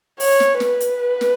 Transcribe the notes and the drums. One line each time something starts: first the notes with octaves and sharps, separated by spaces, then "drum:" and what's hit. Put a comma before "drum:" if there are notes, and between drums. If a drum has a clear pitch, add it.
C#5, drum: open hi-hat
drum: snare
B4, drum: snare
drum: hi-hat
drum: snare